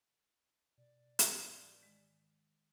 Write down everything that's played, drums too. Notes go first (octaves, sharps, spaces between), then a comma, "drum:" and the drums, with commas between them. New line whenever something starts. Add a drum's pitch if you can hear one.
B2 D5
G#2 E3, drum: hi-hat
D#3 G#3